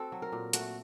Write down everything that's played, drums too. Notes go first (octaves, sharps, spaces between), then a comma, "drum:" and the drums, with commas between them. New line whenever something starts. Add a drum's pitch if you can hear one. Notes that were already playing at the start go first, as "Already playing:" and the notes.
Already playing: C4 F#4 A4
F#3
A#4
A#2
A3 F#4, drum: hi-hat